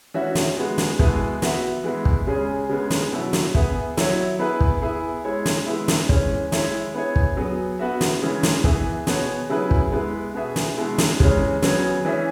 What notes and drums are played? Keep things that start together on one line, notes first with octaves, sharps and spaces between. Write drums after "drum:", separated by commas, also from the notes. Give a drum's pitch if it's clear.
E3 C#4 F#4 E5
drum: snare
G#3 B3 F#4
drum: snare
B2 G#3 B3 E4 G#4, drum: kick
B3 F#4 E5, drum: snare
E3 G#3 B3 E4
drum: kick
C#3 G#3 C#4 G#4
C#3 G#3 B3
drum: snare
B2 F#3 E4
drum: snare
B3 G#4 E5, drum: kick
F#3 E4 C#5 E5, drum: snare
B3 E4 G#4 B4
drum: kick
B3 E4 G#4
G#3 E4 C#5 E5
drum: snare
G#3 B3 E4
drum: snare
E3 G#3 C#4, drum: kick
G#3 E4 C#5 E5, drum: snare
B3 E4 G#4 C#5
drum: kick
F#3 B3 G#4
B3 F#4 E5
drum: snare
C#3 E3 G#3
drum: snare
E3 B3 G#4 B4 E5, drum: kick
B2 B3 G#4 C#5, drum: snare
C#3 F#3 E4 G#4 B4
drum: kick
G#3 B3 E4 B4
B2 B3 G#4 E5
drum: snare
B2 G#3 E4
drum: snare
C#3 E3 G#3 C#4, drum: kick
C#3 F#3 B3 G#4 C#5, drum: snare
E3 C#4 G#4 E5